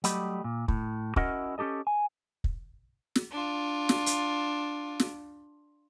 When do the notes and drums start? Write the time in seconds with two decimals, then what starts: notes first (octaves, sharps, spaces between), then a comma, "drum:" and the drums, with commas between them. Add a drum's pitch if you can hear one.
0.04 F#3 G3 A3 G4 D#5 B5, drum: hi-hat
0.44 A#2
0.68 A2, drum: kick
1.16 C#4 E4 F#4 A#4 D#5 F#5, drum: kick
1.58 C#4 D#4 G4 A4 D#5
1.87 G#5
2.44 drum: kick
3.16 drum: snare
3.31 D4 F4
3.89 drum: snare
4.06 drum: hi-hat
5.00 drum: snare